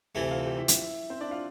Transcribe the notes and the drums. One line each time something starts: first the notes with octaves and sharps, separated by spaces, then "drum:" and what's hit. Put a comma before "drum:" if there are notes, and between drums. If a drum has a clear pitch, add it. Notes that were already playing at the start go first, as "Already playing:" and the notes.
D2 C3 E3 A3 E4 E5
F4 F5
G4 G5
E4 E5
E4 E5, drum: hi-hat
C4 C5
D4 D5
F4 F5